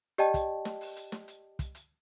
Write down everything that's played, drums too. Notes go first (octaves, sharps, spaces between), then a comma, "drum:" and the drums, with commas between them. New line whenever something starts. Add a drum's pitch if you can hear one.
G4 D5 D#5 G5 A5, drum: hi-hat
drum: kick, hi-hat
drum: snare
drum: open hi-hat
drum: hi-hat
drum: snare
drum: hi-hat
drum: kick, hi-hat
drum: hi-hat